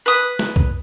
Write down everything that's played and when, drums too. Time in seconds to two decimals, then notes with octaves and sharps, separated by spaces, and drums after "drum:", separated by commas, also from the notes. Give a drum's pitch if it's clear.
0.06 B4 D#6
0.39 drum: snare
0.56 drum: kick